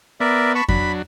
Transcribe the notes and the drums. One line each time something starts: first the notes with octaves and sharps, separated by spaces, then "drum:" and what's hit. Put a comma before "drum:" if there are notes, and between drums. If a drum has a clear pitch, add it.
B3 A#4 D5 E5
A5 B5 C#6
F#3 D4 B5, drum: kick F2